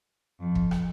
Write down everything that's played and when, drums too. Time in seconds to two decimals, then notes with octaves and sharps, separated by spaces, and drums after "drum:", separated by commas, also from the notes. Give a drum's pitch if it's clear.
0.40 F2
0.55 drum: kick
0.71 drum: rim click